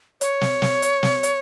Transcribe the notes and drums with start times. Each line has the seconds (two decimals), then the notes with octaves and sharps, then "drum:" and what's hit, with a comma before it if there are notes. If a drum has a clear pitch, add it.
0.21 C#5, drum: hi-hat
0.41 drum: snare
0.62 drum: snare
0.82 drum: hi-hat
1.03 drum: snare
1.23 drum: hi-hat